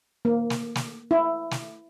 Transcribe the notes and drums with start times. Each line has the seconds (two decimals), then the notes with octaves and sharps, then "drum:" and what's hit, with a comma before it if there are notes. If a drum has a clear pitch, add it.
0.25 A#3
0.50 drum: snare
0.75 drum: snare
1.11 E4
1.51 drum: snare